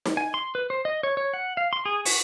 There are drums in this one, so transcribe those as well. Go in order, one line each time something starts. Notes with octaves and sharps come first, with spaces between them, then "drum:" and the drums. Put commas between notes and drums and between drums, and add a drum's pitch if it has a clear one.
drum: snare D#4
G#5
C6
B4
C5
D#5
C#5
C#5
F#5
F5
C6
G#4
F#4, drum: open hi-hat